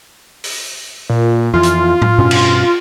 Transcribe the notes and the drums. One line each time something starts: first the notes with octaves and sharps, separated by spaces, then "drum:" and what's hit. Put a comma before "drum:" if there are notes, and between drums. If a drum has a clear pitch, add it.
drum: open hi-hat
A#2
F2 E3 F4
drum: hi-hat
drum: tom A2
G2 B2 C#4
drum: cymbal